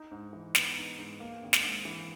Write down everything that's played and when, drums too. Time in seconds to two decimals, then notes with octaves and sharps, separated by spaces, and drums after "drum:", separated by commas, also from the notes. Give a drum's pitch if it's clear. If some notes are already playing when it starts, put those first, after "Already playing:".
Already playing: D#4
0.11 G#2
0.33 E3
0.55 B3, drum: snare
0.77 D#4
0.99 G#2
1.20 A#3
1.42 G#1
1.53 drum: snare
1.63 G#2
1.85 E3